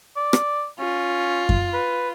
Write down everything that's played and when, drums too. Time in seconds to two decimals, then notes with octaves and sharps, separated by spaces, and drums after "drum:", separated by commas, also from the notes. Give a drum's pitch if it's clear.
0.16 D5
0.33 drum: rim click
0.79 C#4 F4
1.49 drum: kick F#2
1.74 B4